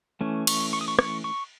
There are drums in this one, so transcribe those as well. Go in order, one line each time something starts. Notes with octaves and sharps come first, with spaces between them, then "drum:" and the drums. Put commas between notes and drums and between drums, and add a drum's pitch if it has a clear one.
E3 A3 C#4
C#6, drum: cymbal
C#6
D#6
C#6
C#6, drum: rim click
C#6